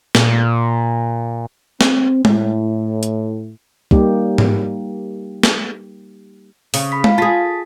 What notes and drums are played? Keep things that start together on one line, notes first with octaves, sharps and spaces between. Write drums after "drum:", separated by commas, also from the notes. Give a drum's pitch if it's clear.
A#2, drum: snare
C4, drum: snare
A2, drum: tom G#3
drum: hi-hat
G3 A#3 D#4 G4, drum: kick
drum: tom G#2
drum: snare
C#3, drum: open hi-hat
B5 B6
F5, drum: tom G#3
F4 G#4 A5 A6 B6